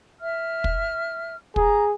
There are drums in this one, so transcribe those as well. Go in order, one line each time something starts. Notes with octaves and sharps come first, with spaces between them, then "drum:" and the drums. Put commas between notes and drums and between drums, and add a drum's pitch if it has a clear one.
E5 F6
drum: kick
G#4 A#5, drum: kick